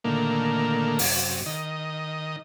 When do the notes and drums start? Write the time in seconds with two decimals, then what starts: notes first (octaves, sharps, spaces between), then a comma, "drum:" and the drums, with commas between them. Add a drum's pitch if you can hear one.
0.04 A#2 D3 D#3 A3 A#3
0.99 F#2 C3, drum: open hi-hat
1.46 D#3 D#5